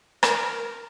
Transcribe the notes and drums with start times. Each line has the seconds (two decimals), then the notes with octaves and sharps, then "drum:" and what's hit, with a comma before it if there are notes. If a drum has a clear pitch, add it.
0.23 A#4, drum: rim click